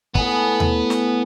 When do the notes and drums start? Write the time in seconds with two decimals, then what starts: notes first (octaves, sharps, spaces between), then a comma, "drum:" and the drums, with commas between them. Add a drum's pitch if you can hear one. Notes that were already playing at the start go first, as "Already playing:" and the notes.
0.15 A2 B3 G#4 B5, drum: kick
0.60 drum: tom D#2
0.90 drum: snare